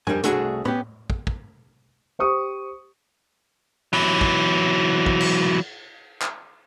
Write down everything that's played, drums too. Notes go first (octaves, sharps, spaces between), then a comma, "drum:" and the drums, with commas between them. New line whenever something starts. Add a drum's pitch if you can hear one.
F2 G3 D4 A#4 G#5, drum: tom
C2 A3 D4 F#4 G#4, drum: hi-hat
B3 C#4 G4, drum: tom
drum: kick
drum: kick
G4 C5 C#6 D#6
E3 F#3, drum: open hi-hat
drum: kick
drum: kick
drum: cymbal
drum: clap